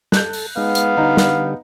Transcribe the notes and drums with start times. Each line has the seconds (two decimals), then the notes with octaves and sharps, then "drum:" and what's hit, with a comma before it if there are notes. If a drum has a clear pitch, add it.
0.12 A4 F#6 G6, drum: snare
0.33 drum: open hi-hat
0.57 G#3 B3 D#4 F5
0.75 drum: hi-hat
0.97 D3 G3 D#4 A#5
1.17 drum: snare